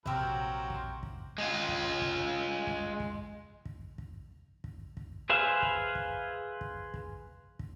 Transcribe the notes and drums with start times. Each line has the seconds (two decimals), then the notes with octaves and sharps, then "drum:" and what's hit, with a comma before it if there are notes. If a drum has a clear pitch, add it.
0.06 A#1 C3 F#3 F#4 G4 A#4 C5 E5, drum: kick
0.70 drum: kick
1.03 drum: kick
1.38 G#3 F4
1.68 drum: kick
2.01 drum: kick
2.67 drum: kick
3.00 drum: kick
3.65 drum: kick
3.98 drum: kick
4.64 drum: kick
4.97 drum: kick
5.30 G#4 B4 C5 E5 F5
5.62 drum: kick
5.95 drum: kick
6.61 drum: kick
6.94 drum: kick
7.59 drum: kick